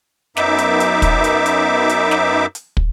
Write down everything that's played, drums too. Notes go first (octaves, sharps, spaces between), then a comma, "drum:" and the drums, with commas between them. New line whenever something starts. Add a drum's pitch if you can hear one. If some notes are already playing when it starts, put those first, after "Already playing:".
F#2 B3 D#4 E5 D6, drum: snare
drum: hi-hat
drum: hi-hat
drum: kick, hi-hat
drum: hi-hat
drum: hi-hat
drum: hi-hat
drum: snare
drum: hi-hat
drum: kick